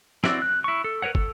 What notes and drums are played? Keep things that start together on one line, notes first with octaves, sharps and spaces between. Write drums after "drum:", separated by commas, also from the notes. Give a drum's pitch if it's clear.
C4 E4 F#4 D5, drum: snare
F#6
E4 C#6
A4
A#4 B4 C#5 F#5
A4, drum: kick